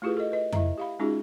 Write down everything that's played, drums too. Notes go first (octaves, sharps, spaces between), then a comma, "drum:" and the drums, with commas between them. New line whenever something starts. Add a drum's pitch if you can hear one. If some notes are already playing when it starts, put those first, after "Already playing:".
A3 E4 F4 G4 G#4 B4
A4 D#5
B4 D#5
E4 D#5 E5 A#5, drum: tom F2
G4 F5 B5
G#3 C#4 D#4 F4 F#4 G#4